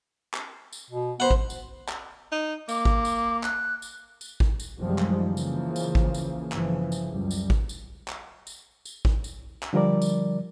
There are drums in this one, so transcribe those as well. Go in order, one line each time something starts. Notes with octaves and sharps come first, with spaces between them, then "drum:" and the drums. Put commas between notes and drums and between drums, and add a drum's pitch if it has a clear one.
drum: clap
drum: tambourine
B2
B3 C5 F#5
drum: kick G#1
drum: tambourine
drum: clap
D#4
A#3 D6, drum: tambourine
drum: kick G#1
drum: tambourine
F#6, drum: clap
drum: tambourine
drum: tambourine
drum: kick G#1
drum: tambourine
F#2 C3 D#3 F3 G3 G#3
drum: clap
C#3 E3 F3 A#3
drum: tambourine
drum: tambourine
drum: kick G#1
drum: tambourine
G1 C#3 E3 F3, drum: clap
drum: tambourine
C#2 F#2 G3
drum: tambourine
drum: kick G#1
drum: tambourine
drum: clap
drum: tambourine
drum: tambourine
drum: kick G#1
drum: tambourine
drum: clap
D3 F3 G3 A#4 D5
drum: tambourine